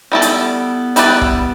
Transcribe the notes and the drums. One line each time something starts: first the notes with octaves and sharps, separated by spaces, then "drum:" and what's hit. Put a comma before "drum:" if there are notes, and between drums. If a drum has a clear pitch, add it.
G3 B3 E4 A4 D5
drum: hi-hat
G3 E4 B4 D5, drum: hi-hat
drum: kick